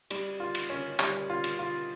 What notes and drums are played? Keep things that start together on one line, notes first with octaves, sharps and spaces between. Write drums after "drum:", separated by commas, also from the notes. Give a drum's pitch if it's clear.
G3, drum: cymbal
F4
drum: cymbal
C#4
G3, drum: clap
F4
drum: cymbal
F4